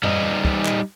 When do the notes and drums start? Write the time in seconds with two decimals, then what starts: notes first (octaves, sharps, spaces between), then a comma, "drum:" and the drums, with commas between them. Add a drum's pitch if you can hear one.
0.03 G3 D#4, drum: tom F#2
0.45 drum: kick
0.65 drum: clap